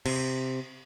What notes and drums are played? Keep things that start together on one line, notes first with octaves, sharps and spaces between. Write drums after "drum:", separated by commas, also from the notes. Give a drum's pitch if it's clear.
C3, drum: cymbal